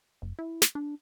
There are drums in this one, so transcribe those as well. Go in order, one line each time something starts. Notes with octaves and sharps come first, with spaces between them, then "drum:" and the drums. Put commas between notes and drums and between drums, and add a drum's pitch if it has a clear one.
F#1
E4
drum: snare
D4